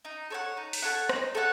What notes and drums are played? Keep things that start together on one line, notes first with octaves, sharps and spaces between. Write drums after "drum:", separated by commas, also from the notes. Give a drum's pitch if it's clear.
D#4
A4 C#5 F#5
D#4
drum: open hi-hat
A4 C#5 F#5
D#4, drum: rim click
A4 C#5 F#5